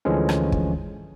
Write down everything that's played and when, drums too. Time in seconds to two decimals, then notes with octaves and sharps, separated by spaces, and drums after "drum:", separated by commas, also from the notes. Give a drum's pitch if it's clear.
0.05 D2 D3 E3 F3 G#3 C#4
0.29 drum: rim click
0.52 drum: kick